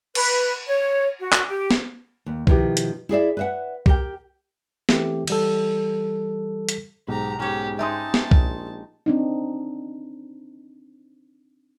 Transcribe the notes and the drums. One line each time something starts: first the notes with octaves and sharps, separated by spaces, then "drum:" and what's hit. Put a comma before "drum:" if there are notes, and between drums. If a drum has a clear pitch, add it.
B4, drum: cymbal
C#5
F#4
drum: clap
G4
drum: snare
D#2
B2 D#3 F3 E4 F#4 G4, drum: kick C2
drum: hi-hat
E4 G#4 D5 E5
B4 E5 F#5
G4 A#4 G5, drum: kick C2
E3 A3 C4 G4, drum: snare
E3 G3 A4, drum: cymbal
drum: hi-hat
B1 G#2 G4 A#5
G#2 C#4 G4 C#5
G#3 D#4 G4 E5 A5 C6 D#6
drum: snare
A#1, drum: kick C2
C4 D4 D#4